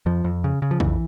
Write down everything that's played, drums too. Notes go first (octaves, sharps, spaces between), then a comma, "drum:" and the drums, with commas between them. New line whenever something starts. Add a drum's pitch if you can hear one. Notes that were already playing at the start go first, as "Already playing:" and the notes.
F2 F3
F2
C#3
C#3
F3
F2 E3, drum: kick A#1